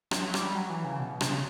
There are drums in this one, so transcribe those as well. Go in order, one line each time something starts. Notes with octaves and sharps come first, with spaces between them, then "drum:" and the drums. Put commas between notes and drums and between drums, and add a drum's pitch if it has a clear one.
F#3, drum: rim click
G3, drum: rim click
F#3
E3
C#3
B2
C#3, drum: rim click